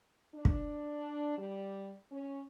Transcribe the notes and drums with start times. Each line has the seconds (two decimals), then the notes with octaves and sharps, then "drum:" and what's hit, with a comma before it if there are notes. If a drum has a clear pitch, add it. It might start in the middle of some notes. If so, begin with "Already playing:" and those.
0.35 D4
0.45 drum: kick
1.38 G3
2.11 C#4